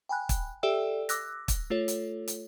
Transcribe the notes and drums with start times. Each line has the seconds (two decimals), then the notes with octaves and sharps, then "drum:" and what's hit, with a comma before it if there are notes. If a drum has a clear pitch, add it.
0.09 G5 G#5 B5 F#6
0.29 drum: kick, hi-hat
0.63 G4 A4 D5 E5 G5 E6
1.09 D6 E6 F#6 A#6, drum: hi-hat
1.48 drum: kick, hi-hat
1.70 A3 F4 A4 C#5
1.88 drum: hi-hat
2.28 drum: hi-hat